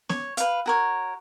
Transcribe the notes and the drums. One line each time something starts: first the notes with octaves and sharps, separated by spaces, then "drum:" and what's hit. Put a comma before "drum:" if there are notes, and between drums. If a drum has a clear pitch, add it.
C#5, drum: snare B3
B4 F5, drum: hi-hat
F#4 A#4 C#5